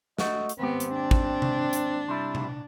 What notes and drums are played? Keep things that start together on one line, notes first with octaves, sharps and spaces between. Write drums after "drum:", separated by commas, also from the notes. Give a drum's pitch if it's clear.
A3 F#4 D#5, drum: snare
drum: hi-hat
D#2 G#2 B3 C4 G4
drum: hi-hat
D4
drum: kick
drum: tom C3
drum: hi-hat
C3 G3 E4
drum: tom C3